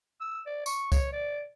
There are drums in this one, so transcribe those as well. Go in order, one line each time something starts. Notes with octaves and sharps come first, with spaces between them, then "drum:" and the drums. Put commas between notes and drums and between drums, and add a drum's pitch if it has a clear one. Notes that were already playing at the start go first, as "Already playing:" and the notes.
E6
D5
C#6, drum: tambourine
C#5, drum: kick C2, tambourine
D5